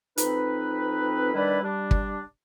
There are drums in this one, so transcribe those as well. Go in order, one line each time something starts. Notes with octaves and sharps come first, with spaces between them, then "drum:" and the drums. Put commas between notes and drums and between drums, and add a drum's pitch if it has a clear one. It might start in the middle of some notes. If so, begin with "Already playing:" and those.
F2 C4 D#4 B4, drum: hi-hat
D#3 G3 D4 E4 B4 D5
G3 D4
drum: kick